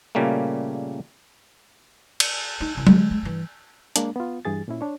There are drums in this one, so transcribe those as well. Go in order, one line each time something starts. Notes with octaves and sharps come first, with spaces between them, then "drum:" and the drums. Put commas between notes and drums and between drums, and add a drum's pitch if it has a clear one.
A#2 C#3 G3 A3 A#3
drum: cymbal
D#4
C2 B2
D3 G#3, drum: tom F#3
G#3
G2 E3
G#3 A#3 D4, drum: hi-hat
B3 F4
G2 E3 G#4 A6
A#2 C#4 E4
D4 C#5